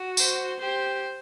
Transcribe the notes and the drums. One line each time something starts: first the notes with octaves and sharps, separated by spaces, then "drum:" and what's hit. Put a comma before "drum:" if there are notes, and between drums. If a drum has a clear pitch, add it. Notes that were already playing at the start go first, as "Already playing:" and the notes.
Already playing: F#4
C5, drum: tambourine
G4 C5